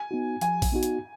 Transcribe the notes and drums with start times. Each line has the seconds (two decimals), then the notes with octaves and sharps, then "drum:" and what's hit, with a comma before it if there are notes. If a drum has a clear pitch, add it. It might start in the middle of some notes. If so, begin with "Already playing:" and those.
Already playing: G#5
0.11 B3 D#4 F#4
0.41 F3 G#5, drum: hi-hat
0.62 drum: kick A#1, open hi-hat
0.72 B3 D#4 F#4
0.83 drum: hi-hat